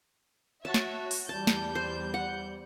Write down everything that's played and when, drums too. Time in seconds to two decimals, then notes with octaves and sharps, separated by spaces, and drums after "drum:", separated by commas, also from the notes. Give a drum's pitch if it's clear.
0.65 F#4 C#5 E5 A5
0.74 drum: snare
1.11 drum: open hi-hat
1.29 E2 G3 A5 G6
1.47 drum: snare
1.75 C5
2.14 F#5